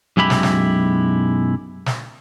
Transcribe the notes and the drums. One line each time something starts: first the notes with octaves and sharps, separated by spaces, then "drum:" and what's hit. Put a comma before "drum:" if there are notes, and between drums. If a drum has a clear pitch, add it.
B1 F#2 G#3 E4 G4 B5
drum: snare
drum: snare
drum: snare